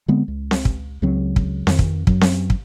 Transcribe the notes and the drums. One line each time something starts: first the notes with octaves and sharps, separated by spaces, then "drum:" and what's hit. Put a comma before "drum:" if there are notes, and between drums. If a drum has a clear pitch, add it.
D3 G#3 B3 C4
C#2
drum: snare C4
drum: kick
C#2 C#3 F#3 C4
drum: kick
F2 D#3, drum: snare C4
drum: kick
F#2 F#3, drum: kick
drum: snare C4
drum: kick